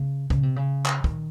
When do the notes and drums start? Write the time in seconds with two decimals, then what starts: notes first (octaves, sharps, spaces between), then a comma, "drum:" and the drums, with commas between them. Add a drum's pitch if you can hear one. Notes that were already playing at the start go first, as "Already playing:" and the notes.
Already playing: C#3
0.30 C#3, drum: kick
0.43 C3
0.56 C#3
0.86 drum: clap
1.04 D#3, drum: kick